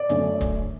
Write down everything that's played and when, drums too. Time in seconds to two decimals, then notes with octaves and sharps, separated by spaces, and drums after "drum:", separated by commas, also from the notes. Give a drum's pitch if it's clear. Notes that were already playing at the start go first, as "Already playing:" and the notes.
Already playing: D5
0.09 F#2 D3 A3, drum: hi-hat
0.41 drum: kick D1, hi-hat